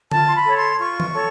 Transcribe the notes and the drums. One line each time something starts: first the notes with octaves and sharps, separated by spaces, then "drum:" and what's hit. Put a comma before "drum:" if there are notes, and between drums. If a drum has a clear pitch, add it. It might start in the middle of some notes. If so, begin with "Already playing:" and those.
F4 A5, drum: tom D3
C6
B5
A4 C#5
C6
F4 C#6
drum: tom D#3
A4 C#5